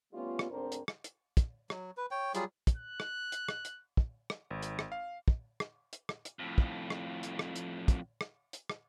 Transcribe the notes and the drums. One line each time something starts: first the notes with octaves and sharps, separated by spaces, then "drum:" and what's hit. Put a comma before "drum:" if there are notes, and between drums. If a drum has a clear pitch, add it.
G3 A3 B3 C#4 F4
drum: rim click
D2 G#2 C4 D4 A#4 C5
drum: hi-hat
drum: rim click
drum: hi-hat
drum: kick, hi-hat
F#3, drum: rim click
B4
C#5 G5
F#3 G3 F4 G#4, drum: hi-hat
drum: kick, hi-hat
F#6
drum: rim click
drum: hi-hat
drum: rim click
drum: hi-hat
drum: kick
drum: rim click
G#1
drum: hi-hat
drum: rim click
F5
drum: kick
drum: rim click
drum: hi-hat
drum: rim click
drum: hi-hat
F2 A2
drum: kick
drum: rim click
drum: hi-hat
drum: rim click
drum: hi-hat
drum: kick, hi-hat
drum: rim click
drum: hi-hat
drum: rim click